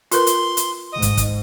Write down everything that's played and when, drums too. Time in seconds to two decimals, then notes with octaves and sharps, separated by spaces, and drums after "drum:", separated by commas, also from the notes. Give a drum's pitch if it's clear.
0.11 F4 A#4 B4 C6, drum: hi-hat
0.27 drum: hi-hat
0.57 drum: hi-hat
0.92 G#2 D#5
1.02 drum: kick, hi-hat
1.17 drum: kick, hi-hat